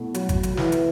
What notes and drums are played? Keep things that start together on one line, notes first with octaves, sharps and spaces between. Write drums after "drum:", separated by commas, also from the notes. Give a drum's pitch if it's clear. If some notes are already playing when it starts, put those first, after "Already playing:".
Already playing: B2 A3 E4
F#3, drum: hi-hat
drum: kick G#1, hi-hat
drum: hi-hat
E3, drum: snare
drum: hi-hat